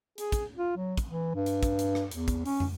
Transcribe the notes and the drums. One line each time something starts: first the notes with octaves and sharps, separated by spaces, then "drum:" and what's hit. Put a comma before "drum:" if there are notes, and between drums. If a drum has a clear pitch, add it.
G#4, drum: hi-hat
drum: kick, hi-hat
F4
F#3
drum: kick, hi-hat
E3
G2
drum: hi-hat
drum: kick, hi-hat
drum: hi-hat
drum: rim click
E2, drum: hi-hat
drum: kick, hi-hat
C#4, drum: open hi-hat
drum: tom